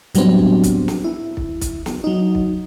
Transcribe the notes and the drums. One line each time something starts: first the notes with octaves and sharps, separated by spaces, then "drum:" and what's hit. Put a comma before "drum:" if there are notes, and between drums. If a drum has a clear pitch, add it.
A2 F#3 G3 B3 C4 D4, drum: hi-hat
drum: kick B1
drum: kick B1, hi-hat
drum: snare
E4
drum: kick B1
drum: kick B1, hi-hat
drum: snare
F#3 D#4
drum: kick B1